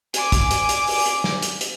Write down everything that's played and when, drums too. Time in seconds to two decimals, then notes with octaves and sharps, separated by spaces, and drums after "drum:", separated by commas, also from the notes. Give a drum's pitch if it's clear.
0.14 G#5 D6, drum: hi-hat
0.32 drum: kick, hi-hat
0.51 drum: hi-hat
0.69 drum: hi-hat
0.87 drum: open hi-hat
1.06 drum: hi-hat
1.24 drum: snare
1.42 drum: hi-hat
1.61 drum: hi-hat